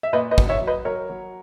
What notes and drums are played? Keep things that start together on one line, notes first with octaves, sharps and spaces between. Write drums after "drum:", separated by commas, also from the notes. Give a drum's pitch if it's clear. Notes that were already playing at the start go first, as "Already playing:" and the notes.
E5
A#2 B4 D#5
B4 D#5
F#3, drum: kick
C#5 E5
F#3
B4 D#5
F#3 A#4 C#5
F#3